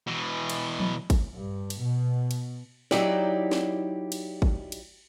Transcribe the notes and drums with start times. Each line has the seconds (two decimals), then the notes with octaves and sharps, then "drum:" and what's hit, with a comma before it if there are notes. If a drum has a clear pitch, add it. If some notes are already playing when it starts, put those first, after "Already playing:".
0.07 B2 E3
0.50 drum: cymbal
0.80 drum: tom F3
1.10 drum: kick, cymbal
1.36 G2
1.70 drum: cymbal
1.81 B2
2.31 drum: cymbal
2.91 F#3 D#4 E4 G4 D5, drum: snare
3.51 drum: snare
4.12 drum: cymbal
4.42 drum: kick
4.72 drum: cymbal